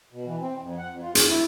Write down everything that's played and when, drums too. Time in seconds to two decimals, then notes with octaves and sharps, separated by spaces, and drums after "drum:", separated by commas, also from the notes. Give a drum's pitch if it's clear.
0.12 B2
0.25 E3
0.40 C4
0.61 F2
0.78 F#5
0.90 F2
1.02 F4
1.15 G#4, drum: hi-hat
1.28 E4